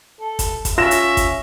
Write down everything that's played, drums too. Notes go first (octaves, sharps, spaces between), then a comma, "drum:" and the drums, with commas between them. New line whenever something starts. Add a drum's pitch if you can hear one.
A4
drum: kick G1, hi-hat
drum: kick G1, hi-hat
C#4 F4 E5 A#6 E7
drum: hi-hat
drum: kick G1, hi-hat